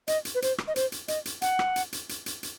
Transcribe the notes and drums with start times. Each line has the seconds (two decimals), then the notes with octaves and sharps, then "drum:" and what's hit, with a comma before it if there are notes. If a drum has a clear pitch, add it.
0.08 D#5, drum: hi-hat
0.25 drum: hi-hat
0.35 B4
0.42 C5, drum: hi-hat
0.58 drum: rim click
0.68 D#5
0.76 C5, drum: hi-hat
0.92 drum: hi-hat
1.08 D#5, drum: hi-hat
1.25 drum: hi-hat
1.42 F#5, drum: hi-hat
1.59 drum: rim click
1.76 drum: hi-hat
1.93 drum: hi-hat
2.09 drum: hi-hat
2.26 drum: hi-hat
2.43 drum: hi-hat